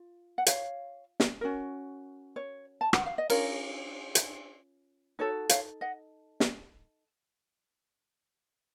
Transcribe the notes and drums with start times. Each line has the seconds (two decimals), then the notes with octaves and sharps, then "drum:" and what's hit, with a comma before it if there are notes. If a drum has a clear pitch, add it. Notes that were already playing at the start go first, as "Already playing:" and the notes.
Already playing: F4
0.38 F#5
0.46 C#5 F5, drum: hi-hat
1.20 drum: snare
1.41 C#4 F#4 A#4
2.36 C#5
2.81 A5
2.93 F#5, drum: rim click
3.06 F5
3.18 D#5
3.30 C#4 F4 A#4 C#5, drum: cymbal
4.15 drum: hi-hat
5.19 D#4 F#4 A4 C#5
5.49 C#5 F5, drum: hi-hat
5.81 D#5 F#5
6.40 drum: snare